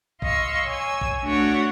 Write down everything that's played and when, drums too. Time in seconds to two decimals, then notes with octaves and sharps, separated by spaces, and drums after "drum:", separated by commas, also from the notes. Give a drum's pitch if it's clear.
0.22 D#5 F5 C6 C#6 E6, drum: kick
0.66 C#5 G#5 E6
1.01 drum: kick
1.24 A3 D4 F#4 C#5 F#5